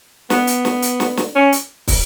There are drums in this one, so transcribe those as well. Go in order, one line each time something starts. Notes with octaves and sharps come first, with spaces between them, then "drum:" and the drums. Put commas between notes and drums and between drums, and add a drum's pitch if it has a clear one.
B3, drum: snare
drum: hi-hat
drum: snare
drum: hi-hat
drum: snare
drum: snare
C#4
drum: hi-hat
drum: kick, open hi-hat